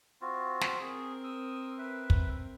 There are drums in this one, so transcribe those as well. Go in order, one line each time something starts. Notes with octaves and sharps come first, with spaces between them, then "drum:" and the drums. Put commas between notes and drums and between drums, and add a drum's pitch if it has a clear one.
C4 F4 F#4
drum: snare
C4 G#4 A#4
D#6 E6
B4 E5
drum: kick